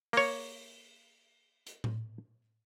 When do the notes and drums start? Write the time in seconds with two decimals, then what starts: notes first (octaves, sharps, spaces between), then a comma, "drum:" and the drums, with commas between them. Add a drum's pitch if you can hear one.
0.13 A#3 C#5, drum: open hi-hat
1.67 drum: hi-hat
1.84 drum: tom A2